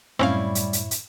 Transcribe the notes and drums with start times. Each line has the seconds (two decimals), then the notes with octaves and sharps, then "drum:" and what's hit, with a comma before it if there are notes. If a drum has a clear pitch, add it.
0.19 F#2 A2 G3 C4 C#4 E4 C#5 F5
0.55 drum: hi-hat
0.73 drum: hi-hat
0.91 drum: hi-hat